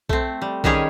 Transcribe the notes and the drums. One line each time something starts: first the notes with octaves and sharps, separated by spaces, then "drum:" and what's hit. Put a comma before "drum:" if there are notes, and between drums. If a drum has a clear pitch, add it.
A3 C4, drum: kick B1
G3
D#3 G3 C#4 G4 G#4 C#5, drum: kick B1